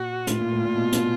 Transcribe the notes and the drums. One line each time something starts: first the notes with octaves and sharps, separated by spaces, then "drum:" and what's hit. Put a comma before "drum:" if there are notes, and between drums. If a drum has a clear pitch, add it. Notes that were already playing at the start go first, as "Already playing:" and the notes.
Already playing: A#2 F#4
A2 F4, drum: hi-hat
A#2
A2
A#2
B2
B2, drum: hi-hat